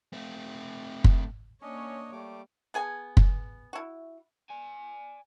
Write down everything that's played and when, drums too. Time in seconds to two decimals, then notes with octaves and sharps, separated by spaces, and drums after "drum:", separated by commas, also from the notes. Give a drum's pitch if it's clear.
0.13 A3 C4
1.04 drum: kick
1.62 A#3 C#4 D4 C#5 D#5
2.12 G3 A3 D6
2.74 B3 G#4 G#5
3.17 drum: kick
3.73 E4 F#4
4.49 D5 G#5